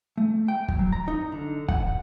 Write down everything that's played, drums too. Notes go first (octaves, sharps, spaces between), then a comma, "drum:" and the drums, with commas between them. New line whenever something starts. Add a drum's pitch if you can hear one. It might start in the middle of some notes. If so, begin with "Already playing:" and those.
A3
G5
drum: kick
F#3
A#5
D#4
D3
F#5, drum: kick